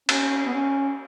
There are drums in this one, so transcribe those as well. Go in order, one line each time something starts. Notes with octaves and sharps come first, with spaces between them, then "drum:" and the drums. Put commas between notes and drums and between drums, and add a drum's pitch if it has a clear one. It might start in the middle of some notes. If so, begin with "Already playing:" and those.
C#4, drum: cymbal
B3
C#4